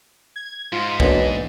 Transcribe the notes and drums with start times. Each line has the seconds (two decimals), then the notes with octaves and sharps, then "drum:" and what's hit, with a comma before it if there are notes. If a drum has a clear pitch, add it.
0.36 G#6
0.72 G#2 F4
1.00 B1 E3 A#3 B3 D4, drum: kick